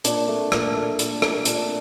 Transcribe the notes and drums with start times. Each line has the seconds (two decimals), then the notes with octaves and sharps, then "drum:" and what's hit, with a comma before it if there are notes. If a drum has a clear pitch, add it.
0.04 A#2 D4, drum: hi-hat
0.28 A3
0.52 A#2, drum: rim click
0.76 A3
0.99 A#2, drum: hi-hat
1.22 A3, drum: rim click
1.45 A#2 D4, drum: hi-hat